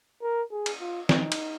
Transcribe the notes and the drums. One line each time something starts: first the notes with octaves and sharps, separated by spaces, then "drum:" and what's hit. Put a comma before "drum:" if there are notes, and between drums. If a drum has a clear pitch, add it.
A#4
G#4
drum: cymbal
F4
D#4, drum: snare
drum: cymbal